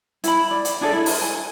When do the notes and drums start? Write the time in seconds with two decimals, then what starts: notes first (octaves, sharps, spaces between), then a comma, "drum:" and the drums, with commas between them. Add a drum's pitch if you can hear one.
0.24 E4 B5, drum: hi-hat
0.51 D5
0.65 drum: hi-hat
0.81 D4 G#4 A4 D5
0.93 E4
1.06 drum: open hi-hat
1.22 G#5